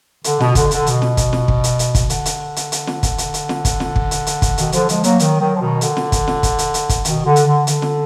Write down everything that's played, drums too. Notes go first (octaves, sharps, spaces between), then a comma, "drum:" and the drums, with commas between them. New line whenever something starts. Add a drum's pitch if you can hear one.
D3, drum: hi-hat
B2, drum: snare
D3, drum: kick, hi-hat
D3, drum: hi-hat
B2, drum: hi-hat
drum: snare
drum: kick, hi-hat
drum: snare
drum: kick
drum: hi-hat
drum: hi-hat
drum: kick, hi-hat
D3, drum: hi-hat
drum: hi-hat
drum: hi-hat
drum: hi-hat
drum: snare
drum: kick, hi-hat
drum: hi-hat
drum: hi-hat
drum: snare
drum: kick, hi-hat
drum: snare
drum: kick
drum: hi-hat
drum: hi-hat
drum: kick, hi-hat
B2 D#3, drum: hi-hat
D3 F3, drum: hi-hat
F3 G#3, drum: hi-hat
F#3 A#3, drum: hi-hat
D#3 F#3, drum: hi-hat
D#3 F#3
F3
B2 D#3
D3, drum: hi-hat
drum: snare
drum: kick, hi-hat
drum: snare
drum: kick, hi-hat
drum: hi-hat
drum: hi-hat
drum: kick, hi-hat
B2 D#3, drum: hi-hat
D3
drum: hi-hat
D3
D3, drum: hi-hat
drum: snare